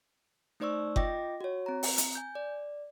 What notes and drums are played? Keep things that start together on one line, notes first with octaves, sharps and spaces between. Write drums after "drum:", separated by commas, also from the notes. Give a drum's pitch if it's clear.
A3 D#4 C5 D5 C#6 E6
F4 D#5 G5 D6 A#6, drum: kick F#1
F#4 C#5
C4 A#5
drum: open hi-hat
drum: hi-hat
G#5 G6
D5